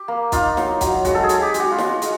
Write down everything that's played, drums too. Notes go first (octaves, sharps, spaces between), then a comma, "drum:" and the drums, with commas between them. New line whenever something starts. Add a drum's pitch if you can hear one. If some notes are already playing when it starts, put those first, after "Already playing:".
Already playing: G4
A#3
D#4 F4, drum: kick, hi-hat
F#3, drum: snare
F#3, drum: kick, hi-hat
G#3 F#4, drum: kick, hi-hat
A4
G#4
G#3, drum: hi-hat
G4
G#3, drum: hi-hat
F#4
F4
G#3, drum: snare
F#4
G#3, drum: hi-hat